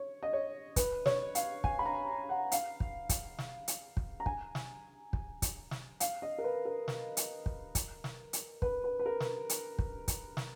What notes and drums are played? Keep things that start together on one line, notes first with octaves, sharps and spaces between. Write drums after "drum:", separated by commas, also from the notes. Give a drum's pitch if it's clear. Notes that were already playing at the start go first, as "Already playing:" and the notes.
Already playing: C#5
D#5
C#5
B4, drum: kick, hi-hat
C#5, drum: snare
F5, drum: hi-hat
G#5, drum: kick
B5
A#5
F#5
F5, drum: hi-hat
drum: kick
drum: kick, hi-hat
drum: snare
drum: hi-hat
drum: kick
A#5
G#5, drum: kick
drum: snare
drum: kick
drum: kick, hi-hat
drum: snare
F5, drum: hi-hat
D#5
A#4
B4
A#4
drum: snare
drum: hi-hat
drum: kick
drum: kick, hi-hat
drum: snare
drum: hi-hat
B4, drum: kick
B4
B4
A#4
drum: snare
drum: hi-hat
drum: kick
drum: kick, hi-hat
drum: snare